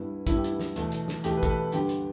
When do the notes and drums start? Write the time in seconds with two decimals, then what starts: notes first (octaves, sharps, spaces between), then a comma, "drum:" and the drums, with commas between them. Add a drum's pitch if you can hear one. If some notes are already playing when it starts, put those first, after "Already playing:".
Already playing: G2 G3 B3 E4
0.27 G2 G3 B3 E4, drum: kick, hi-hat
0.36 G4
0.44 E4, drum: hi-hat
0.60 drum: snare
0.76 E2 B2 A3, drum: hi-hat
0.92 drum: hi-hat
1.08 drum: snare
1.24 E2 B2 A3 G4, drum: hi-hat
1.37 B4
1.43 A4, drum: kick
1.49 B4
1.72 G2 D3 B3 G4, drum: hi-hat
1.89 drum: hi-hat